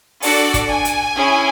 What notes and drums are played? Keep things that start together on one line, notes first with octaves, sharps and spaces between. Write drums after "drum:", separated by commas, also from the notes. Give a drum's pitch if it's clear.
D4 F#4 A4 D5, drum: open hi-hat
drum: kick, hi-hat
G#5
drum: hi-hat
C#4 E4 G#4